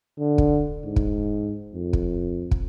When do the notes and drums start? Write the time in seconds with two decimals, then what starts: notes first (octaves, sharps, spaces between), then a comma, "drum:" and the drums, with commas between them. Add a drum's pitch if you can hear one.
0.19 D3
0.38 drum: kick
0.84 G#2
0.96 drum: kick
1.74 F2
1.93 drum: kick
2.51 drum: kick